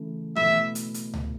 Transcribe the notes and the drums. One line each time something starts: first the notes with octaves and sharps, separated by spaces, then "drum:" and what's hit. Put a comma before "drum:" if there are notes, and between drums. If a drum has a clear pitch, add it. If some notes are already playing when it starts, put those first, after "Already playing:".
Already playing: C#3 E3 A3 E4 A4
B2 A3 E4 A4 E5, drum: tom E3
drum: hi-hat
drum: hi-hat
drum: tom C#2